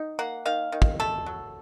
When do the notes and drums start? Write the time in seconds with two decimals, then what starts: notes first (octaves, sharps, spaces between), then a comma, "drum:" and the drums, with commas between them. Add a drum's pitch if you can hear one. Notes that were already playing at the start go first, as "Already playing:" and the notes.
Already playing: D#3 D#4
0.19 A#3 F#5
0.45 D#3 F5
0.72 D#3
0.82 drum: kick
0.99 A3 A4
1.26 F#3